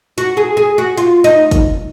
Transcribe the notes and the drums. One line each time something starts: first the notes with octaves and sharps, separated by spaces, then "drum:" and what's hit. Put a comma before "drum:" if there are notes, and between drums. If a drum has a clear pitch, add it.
F#4, drum: hi-hat
G#4
G#4
F#4
F4, drum: hi-hat
D#4, drum: hi-hat
drum: kick, hi-hat